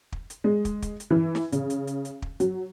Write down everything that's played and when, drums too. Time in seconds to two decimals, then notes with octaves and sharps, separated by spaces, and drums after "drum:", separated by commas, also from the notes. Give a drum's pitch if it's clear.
0.12 drum: kick
0.30 drum: hi-hat
0.44 G#3
0.65 drum: kick, hi-hat
0.82 drum: kick, hi-hat
1.00 drum: hi-hat
1.11 E3
1.35 drum: snare
1.52 C#3, drum: hi-hat
1.70 drum: hi-hat
1.87 drum: hi-hat
2.05 drum: hi-hat
2.22 drum: kick
2.40 F#3, drum: hi-hat